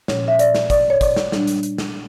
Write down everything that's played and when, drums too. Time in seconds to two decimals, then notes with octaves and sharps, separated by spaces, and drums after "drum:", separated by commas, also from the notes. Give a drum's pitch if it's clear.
0.08 A#2 F3 C#4 C#5, drum: snare
0.28 E5
0.39 D5, drum: hi-hat
0.55 drum: snare
0.70 D5, drum: kick, hi-hat
0.90 C#5
1.01 D5, drum: kick, hi-hat
1.16 drum: snare
1.32 A#2 G3 D4, drum: snare
1.47 drum: hi-hat
1.63 drum: hi-hat
1.78 drum: snare